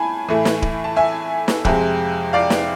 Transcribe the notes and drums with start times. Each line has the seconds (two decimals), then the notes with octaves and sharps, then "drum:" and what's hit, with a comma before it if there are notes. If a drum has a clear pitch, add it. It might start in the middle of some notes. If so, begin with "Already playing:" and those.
Already playing: A2 G#5 A5 B5
0.29 A2 E3 A3
0.45 drum: snare
0.62 drum: kick D1
0.84 A5
0.96 E5 G#5
1.48 drum: snare
1.65 F2 C3 G#3, drum: kick D1
2.33 D5 F5
2.50 drum: snare